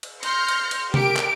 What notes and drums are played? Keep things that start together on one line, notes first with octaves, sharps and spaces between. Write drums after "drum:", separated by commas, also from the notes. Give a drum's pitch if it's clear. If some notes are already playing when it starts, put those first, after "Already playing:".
drum: cymbal
C6 F6 G6 A#6 C#7, drum: cymbal
drum: cymbal
drum: cymbal
G4 A#4 D7, drum: tom C3
drum: clap